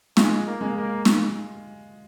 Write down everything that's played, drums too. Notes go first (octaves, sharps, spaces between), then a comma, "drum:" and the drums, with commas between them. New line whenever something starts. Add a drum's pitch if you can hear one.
G#3 F4, drum: snare
A#3
G#3
A#3
drum: snare